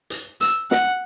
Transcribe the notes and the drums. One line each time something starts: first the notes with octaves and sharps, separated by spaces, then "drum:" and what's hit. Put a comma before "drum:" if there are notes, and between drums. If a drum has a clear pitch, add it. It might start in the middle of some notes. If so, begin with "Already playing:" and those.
drum: hi-hat
E6, drum: hi-hat
F#5, drum: snare